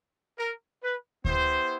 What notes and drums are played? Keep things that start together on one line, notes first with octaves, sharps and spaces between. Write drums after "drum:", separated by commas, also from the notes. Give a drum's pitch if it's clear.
A#4
B4
B3 E4 G4 C5, drum: kick D2